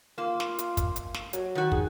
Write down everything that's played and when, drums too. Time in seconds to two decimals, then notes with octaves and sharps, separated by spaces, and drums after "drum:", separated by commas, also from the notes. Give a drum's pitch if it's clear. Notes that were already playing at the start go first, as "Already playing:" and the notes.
0.18 A#3 F4
0.40 drum: snare
0.59 drum: hi-hat
0.77 drum: kick, hi-hat
0.96 drum: hi-hat
1.14 drum: snare
1.33 F#3, drum: hi-hat
1.55 D#3 F#4
1.72 G#4, drum: kick